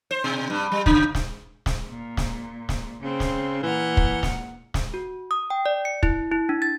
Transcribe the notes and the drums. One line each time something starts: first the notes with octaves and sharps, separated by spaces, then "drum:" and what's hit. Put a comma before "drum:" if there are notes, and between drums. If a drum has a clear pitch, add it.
C5
B2
G2
G3
C#3, drum: kick
drum: snare
drum: snare
A#2
drum: snare
drum: snare
C#3 C4
drum: snare
A#2 E3 F#5 F6
drum: kick
drum: snare
drum: snare
F#4
D#6
G5
D5
C#7
E4, drum: kick
E4
D4
A6